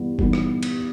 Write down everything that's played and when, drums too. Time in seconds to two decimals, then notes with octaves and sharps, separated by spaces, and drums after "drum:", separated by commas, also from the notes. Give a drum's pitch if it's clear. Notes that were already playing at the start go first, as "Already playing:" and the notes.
Already playing: G2 E3 B3
0.19 G2 E3 G3 B3 D#4, drum: kick F#1
0.33 drum: rim click
0.63 drum: cymbal